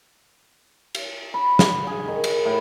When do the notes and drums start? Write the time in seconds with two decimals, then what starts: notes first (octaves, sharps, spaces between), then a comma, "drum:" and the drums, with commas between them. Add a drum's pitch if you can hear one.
0.95 drum: cymbal
1.34 B5
1.59 drum: snare
1.87 G#4
2.08 D#3
2.24 drum: cymbal
2.45 A2